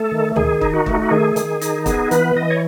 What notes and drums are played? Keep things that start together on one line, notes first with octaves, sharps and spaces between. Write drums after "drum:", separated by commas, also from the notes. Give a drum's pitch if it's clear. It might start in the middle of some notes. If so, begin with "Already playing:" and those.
Already playing: A3 A4
D#3
D#3 G#4, drum: tom
D#4, drum: kick
F#4
A3, drum: kick
F#4
D#3 G#4
D#3, drum: hi-hat
D#4, drum: hi-hat
B3 G#4, drum: kick, hi-hat
E3 B4, drum: hi-hat
E3 D#5
C#5